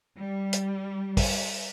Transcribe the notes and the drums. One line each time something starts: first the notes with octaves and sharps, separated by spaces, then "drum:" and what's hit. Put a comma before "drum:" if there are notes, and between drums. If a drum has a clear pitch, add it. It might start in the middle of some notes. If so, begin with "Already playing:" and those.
G3
drum: hi-hat
drum: kick, open hi-hat